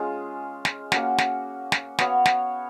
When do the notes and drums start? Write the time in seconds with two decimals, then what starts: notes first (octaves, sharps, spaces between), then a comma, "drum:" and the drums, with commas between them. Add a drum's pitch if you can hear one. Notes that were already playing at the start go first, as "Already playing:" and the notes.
Already playing: G#3 C#4 F4 G#4
0.65 drum: snare
0.92 A#3 C#4 F#4, drum: snare
1.18 drum: snare
1.72 drum: snare
1.98 B3 F#4 C#5 F5, drum: snare
2.26 drum: snare